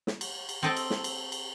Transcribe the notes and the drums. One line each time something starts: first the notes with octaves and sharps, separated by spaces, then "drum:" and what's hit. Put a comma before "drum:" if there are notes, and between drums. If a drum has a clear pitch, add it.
drum: snare
drum: cymbal
drum: cymbal
C4 A4 C5 D#5 G5 A5
drum: cymbal
drum: snare
drum: cymbal
drum: cymbal